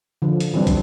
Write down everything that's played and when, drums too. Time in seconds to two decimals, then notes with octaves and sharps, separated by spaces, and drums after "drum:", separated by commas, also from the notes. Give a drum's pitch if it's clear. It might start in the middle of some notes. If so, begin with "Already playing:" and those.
0.22 D3 F3
0.40 drum: hi-hat
0.54 E3 F#3 G3 C4 D4
0.67 drum: kick, hi-hat